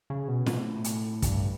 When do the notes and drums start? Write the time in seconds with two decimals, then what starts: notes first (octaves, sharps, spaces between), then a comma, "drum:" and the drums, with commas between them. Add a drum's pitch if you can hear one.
0.10 C#3
0.28 B2
0.46 A2, drum: snare
0.84 drum: hi-hat
1.22 G2, drum: kick, hi-hat